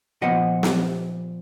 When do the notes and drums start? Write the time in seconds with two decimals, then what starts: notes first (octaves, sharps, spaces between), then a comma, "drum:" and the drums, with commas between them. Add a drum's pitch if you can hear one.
0.21 A#2 F3 B3 D#5 F#5
0.63 drum: snare